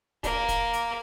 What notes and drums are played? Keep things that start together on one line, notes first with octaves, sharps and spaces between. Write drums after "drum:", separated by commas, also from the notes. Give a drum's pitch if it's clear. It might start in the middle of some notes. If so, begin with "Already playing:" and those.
A#3, drum: kick, hi-hat
drum: kick, hi-hat
drum: hi-hat